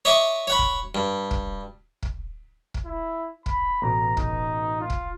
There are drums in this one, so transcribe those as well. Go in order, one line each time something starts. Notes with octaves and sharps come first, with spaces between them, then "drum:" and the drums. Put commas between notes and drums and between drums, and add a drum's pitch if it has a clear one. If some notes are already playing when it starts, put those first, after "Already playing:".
C#5 D#5 E5 C#6 D6
C#5 F#5 B5
drum: kick
G2
drum: kick
drum: kick
drum: kick
E4
B5, drum: kick
A1 B2 A#5
D#4, drum: kick
F4
drum: kick